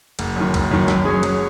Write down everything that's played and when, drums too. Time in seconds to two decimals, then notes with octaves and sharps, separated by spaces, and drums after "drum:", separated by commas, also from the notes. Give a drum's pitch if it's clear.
0.19 F#1, drum: cymbal
0.36 F#2 D#3
0.54 F#1, drum: kick, cymbal
0.71 F#2 D#3
0.88 F#2, drum: snare
1.05 F#3 C#4 G#4
1.23 F#2, drum: cymbal